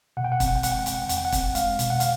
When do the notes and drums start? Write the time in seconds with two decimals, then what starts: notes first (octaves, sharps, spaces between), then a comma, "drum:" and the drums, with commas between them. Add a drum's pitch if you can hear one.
0.17 B2 F#5
0.24 G5
0.32 F#5
0.40 C4 G5, drum: kick, hi-hat
0.48 F#5
0.56 G5
0.63 G#3 F#5, drum: hi-hat
0.71 G5
0.79 F#5
0.86 C4 G5, drum: hi-hat
0.94 F#5
1.02 G5
1.09 E2 F#5, drum: hi-hat
1.17 G5
1.25 F#5
1.32 C4 G5, drum: kick, hi-hat
1.40 F#5
1.55 G#3 F5, drum: hi-hat
1.79 B2, drum: hi-hat
1.90 F#5
2.00 F5, drum: hi-hat